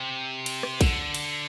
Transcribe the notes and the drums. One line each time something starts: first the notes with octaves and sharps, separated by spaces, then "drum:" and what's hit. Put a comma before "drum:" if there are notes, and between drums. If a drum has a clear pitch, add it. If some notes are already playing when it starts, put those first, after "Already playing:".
Already playing: C3
drum: cymbal
drum: rim click
D3, drum: kick A#1, cymbal
drum: cymbal